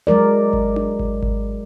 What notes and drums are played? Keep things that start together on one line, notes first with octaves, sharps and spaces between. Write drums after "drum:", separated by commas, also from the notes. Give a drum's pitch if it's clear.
F#3 G#3 A#4 D5
drum: kick G#1
drum: tom D4
drum: kick G#1
drum: kick G#1